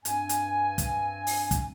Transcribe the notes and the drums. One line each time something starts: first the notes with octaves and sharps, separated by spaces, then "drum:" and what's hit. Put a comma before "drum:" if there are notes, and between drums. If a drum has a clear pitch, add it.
G2 C4 G#5, drum: hi-hat
drum: hi-hat
drum: kick, hi-hat
drum: open hi-hat
drum: kick, hi-hat